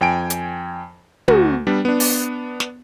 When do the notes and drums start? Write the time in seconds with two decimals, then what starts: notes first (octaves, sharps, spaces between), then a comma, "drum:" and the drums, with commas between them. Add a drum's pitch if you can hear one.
0.01 F2 G5 G#5 D7
0.30 drum: hi-hat
1.28 D2 F#4, drum: tom
1.67 G3 B3 D4
1.85 B3 D4
2.00 drum: open hi-hat
2.60 drum: snare